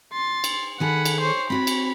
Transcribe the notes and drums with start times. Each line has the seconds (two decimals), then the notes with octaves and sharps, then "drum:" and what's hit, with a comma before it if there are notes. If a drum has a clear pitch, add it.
0.13 C6 A6
0.44 drum: cymbal
0.80 D#3 G#4 A4 F#5 B5
1.05 drum: cymbal
1.21 C5 C#5
1.50 C4 F#4 C#5 B5
1.67 drum: cymbal